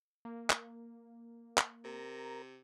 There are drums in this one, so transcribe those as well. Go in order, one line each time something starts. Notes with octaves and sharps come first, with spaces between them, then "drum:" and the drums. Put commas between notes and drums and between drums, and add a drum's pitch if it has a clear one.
A#3
drum: clap
drum: clap
C3 A#4 A#5